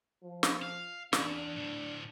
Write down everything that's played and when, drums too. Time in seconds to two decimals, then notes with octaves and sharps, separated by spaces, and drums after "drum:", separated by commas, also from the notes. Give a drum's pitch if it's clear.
0.23 F3
0.43 drum: snare
0.62 F5
1.13 E2 D4, drum: snare
1.56 D2 A2